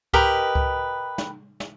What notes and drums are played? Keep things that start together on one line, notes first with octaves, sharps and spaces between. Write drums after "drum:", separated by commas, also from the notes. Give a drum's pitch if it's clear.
G4 A#4 B4 D#5, drum: kick C#2
drum: kick C#2
drum: snare
drum: snare